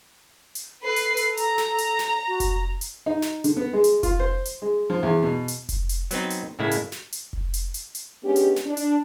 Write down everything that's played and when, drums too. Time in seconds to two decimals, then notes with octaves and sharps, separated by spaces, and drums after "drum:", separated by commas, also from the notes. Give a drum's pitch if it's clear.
0.55 drum: hi-hat
0.83 A4 B4 C7
0.96 drum: hi-hat
1.17 drum: hi-hat
1.37 A#5, drum: hi-hat
1.58 drum: snare
1.78 drum: hi-hat
1.99 drum: snare
2.28 F#4
2.40 drum: kick F1, hi-hat
2.81 drum: hi-hat
3.06 D#4
3.22 drum: snare
3.44 D3, drum: hi-hat
3.57 B3
3.73 G#3
3.84 drum: hi-hat
4.03 F4, drum: kick F1, hi-hat
4.20 C5
4.45 drum: hi-hat
4.62 G#3
4.90 F3
5.03 E2
5.22 B2
5.48 drum: hi-hat
5.69 drum: kick F1, hi-hat
5.89 drum: hi-hat
6.11 F#3 B3 C4 D#4, drum: hi-hat
6.30 drum: hi-hat
6.59 A2 C#3 G#3 A#3 E4
6.71 drum: hi-hat
6.92 drum: snare
7.12 drum: hi-hat
7.33 drum: kick F1
7.54 drum: hi-hat
7.74 drum: hi-hat
7.95 drum: hi-hat
8.23 G#3 B3 C#4 D4 G4
8.36 drum: hi-hat
8.56 drum: snare
8.66 D4
8.77 drum: hi-hat